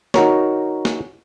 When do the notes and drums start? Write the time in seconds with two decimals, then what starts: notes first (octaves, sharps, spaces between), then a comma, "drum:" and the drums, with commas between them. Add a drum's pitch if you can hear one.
0.14 D#4 F#4 A#4 C#5, drum: snare
0.85 drum: snare